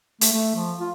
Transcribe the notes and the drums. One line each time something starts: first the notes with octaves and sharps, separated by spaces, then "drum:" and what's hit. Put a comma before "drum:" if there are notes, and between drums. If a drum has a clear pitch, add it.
A3, drum: hi-hat
A3
F3
F4